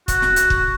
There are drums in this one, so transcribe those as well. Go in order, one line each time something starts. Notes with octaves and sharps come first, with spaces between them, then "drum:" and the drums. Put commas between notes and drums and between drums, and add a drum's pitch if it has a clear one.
F#4, drum: kick, hi-hat
drum: snare
drum: hi-hat
drum: kick